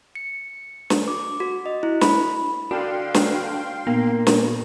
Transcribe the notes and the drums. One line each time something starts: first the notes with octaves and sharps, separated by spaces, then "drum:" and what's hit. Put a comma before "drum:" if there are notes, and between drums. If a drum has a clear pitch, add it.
C#7
drum: snare
D6
F#4
D#5
E4
B5, drum: snare
D3 D4 F#4 F5 G5 C6
drum: snare
A#2 A#3 B3
drum: snare